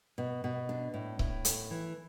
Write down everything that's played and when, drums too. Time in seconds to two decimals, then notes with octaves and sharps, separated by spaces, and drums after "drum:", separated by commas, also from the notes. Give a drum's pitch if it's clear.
0.18 B2
0.44 B2
0.69 D4
0.94 A2
1.19 A2, drum: kick C#1
1.45 A3, drum: hi-hat
1.71 E3